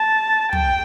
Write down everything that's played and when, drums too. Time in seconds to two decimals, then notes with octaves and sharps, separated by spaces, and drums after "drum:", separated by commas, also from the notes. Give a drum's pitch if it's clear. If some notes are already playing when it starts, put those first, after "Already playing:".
Already playing: A5
0.53 G5, drum: tom